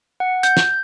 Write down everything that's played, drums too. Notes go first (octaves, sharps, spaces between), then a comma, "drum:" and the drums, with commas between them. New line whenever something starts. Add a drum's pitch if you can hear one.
F#5
G6, drum: hi-hat
drum: snare